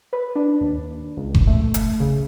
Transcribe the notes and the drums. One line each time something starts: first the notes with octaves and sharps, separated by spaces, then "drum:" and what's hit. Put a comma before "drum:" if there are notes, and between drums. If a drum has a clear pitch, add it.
B4
D4
D#2
C#2
drum: kick F#1
A3
drum: hi-hat
C#3